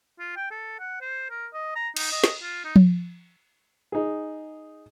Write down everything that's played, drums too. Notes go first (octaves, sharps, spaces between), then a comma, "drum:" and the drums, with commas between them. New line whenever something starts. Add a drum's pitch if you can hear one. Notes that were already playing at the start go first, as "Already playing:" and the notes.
F4
G5
A4
F#5
C5
A#4
D#5
A#5
D#4, drum: cymbal
D#5
drum: snare
F4
D#4
drum: tom F3
D#4 G#4